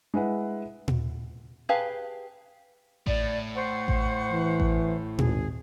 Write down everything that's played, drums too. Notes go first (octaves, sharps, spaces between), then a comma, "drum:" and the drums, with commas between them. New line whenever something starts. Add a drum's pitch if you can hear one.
G#3 E4 B4 F#5
drum: tom
G4 G#4 B4 F5 A5
A2 D5, drum: kick A1
C5 F#5 C#6
drum: kick A1
E3
drum: kick A1
G#1 G#4, drum: tom